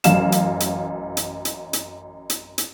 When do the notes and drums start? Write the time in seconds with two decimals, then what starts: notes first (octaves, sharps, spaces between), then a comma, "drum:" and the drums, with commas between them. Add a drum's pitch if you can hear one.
0.04 A1 F#2 F5 E7, drum: hi-hat
0.32 drum: hi-hat
0.60 drum: hi-hat
1.17 drum: hi-hat
1.45 drum: hi-hat
1.73 drum: hi-hat
2.30 drum: hi-hat
2.58 drum: hi-hat